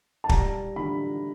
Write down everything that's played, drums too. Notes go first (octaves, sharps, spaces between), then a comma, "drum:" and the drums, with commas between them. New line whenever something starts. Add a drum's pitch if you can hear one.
A5
G3 A#5, drum: kick
D3 B5